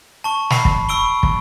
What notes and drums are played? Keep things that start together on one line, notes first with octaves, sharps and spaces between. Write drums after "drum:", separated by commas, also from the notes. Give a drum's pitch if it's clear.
A5 C#6
B5 C7, drum: snare
drum: kick
B5 C#6 E6 D7 G7
drum: kick